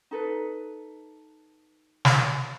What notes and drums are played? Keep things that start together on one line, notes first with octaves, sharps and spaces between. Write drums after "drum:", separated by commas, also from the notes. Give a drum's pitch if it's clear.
D#4 A4 B4
drum: snare